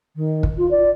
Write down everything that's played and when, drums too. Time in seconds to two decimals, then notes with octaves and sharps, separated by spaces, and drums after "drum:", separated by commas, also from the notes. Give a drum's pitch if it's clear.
0.16 D#3
0.43 drum: kick
0.58 F4
0.71 D5